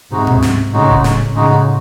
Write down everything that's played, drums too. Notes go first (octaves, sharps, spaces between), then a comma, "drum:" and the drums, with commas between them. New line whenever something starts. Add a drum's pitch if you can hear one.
G#2 C3 G#3 D#4 F#4
drum: tom A2
drum: snare
A2 C#3 G#3 D#4 F#4
drum: kick D#1
drum: snare
A2 C#3 G#3 D#4 F#4